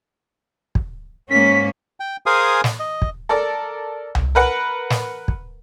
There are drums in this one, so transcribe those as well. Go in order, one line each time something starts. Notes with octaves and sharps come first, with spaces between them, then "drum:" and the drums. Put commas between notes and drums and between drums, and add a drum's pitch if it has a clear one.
drum: kick
G#2 A#3 C#4 B6
G5
G#4 A#4 C5 F5 G#5 D#6
drum: snare
D#5
drum: kick
A4 A#4 D5
drum: tom C2
A#4 B4 F#5
drum: snare
drum: kick